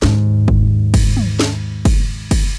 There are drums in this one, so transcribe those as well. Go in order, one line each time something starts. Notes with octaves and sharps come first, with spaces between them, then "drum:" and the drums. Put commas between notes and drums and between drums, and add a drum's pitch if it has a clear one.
D#2 G#2, drum: snare
drum: kick
drum: kick, cymbal
drum: tom
drum: snare
drum: kick, cymbal
drum: kick, cymbal